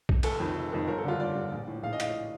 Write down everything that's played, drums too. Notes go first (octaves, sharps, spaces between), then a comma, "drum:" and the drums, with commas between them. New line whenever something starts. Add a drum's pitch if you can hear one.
drum: kick B1
F1 A4, drum: cymbal
F2 D#3
F1
F2 D#3
G1 A#4
A4
G2 D3 F4
G1 D5
G2 D3
A#1
A2
A#1 F5
D#5
A2 F5, drum: hi-hat